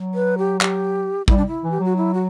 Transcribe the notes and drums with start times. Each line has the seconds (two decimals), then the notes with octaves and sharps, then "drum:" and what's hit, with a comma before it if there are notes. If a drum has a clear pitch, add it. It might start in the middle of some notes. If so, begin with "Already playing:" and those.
Already playing: F#3
0.15 B4
0.38 G4
0.61 G4, drum: clap
1.28 G3 E4, drum: kick
1.37 D4
1.47 E4
1.62 E3
1.71 G4
1.80 F#3 F#4
1.97 E4
2.14 F#4